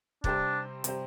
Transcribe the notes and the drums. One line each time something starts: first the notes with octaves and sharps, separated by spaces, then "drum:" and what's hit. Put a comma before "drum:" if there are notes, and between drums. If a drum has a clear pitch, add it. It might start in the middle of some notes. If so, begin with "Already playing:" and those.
C3 G3 C4 D4 G4 C5, drum: kick
C3 G3 C4 G4 C5, drum: hi-hat